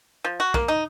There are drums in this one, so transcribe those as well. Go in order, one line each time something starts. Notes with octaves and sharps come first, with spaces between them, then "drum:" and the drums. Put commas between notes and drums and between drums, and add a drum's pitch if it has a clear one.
F3
F#4
A#3, drum: kick
D#4